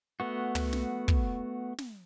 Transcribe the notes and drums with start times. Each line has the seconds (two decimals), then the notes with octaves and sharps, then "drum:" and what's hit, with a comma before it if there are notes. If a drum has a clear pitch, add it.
0.20 A3 B3 F#4
0.55 drum: tom
0.73 drum: snare
1.08 drum: kick
1.78 drum: snare